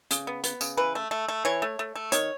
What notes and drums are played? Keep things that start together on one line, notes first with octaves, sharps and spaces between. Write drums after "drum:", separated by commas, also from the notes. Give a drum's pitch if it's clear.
C#3, drum: hi-hat
B3
B3, drum: hi-hat
C#3, drum: tambourine
E3 B4
A3
A3
A3
E3 C#5
A3
A3
A3
D#3 C#5, drum: hi-hat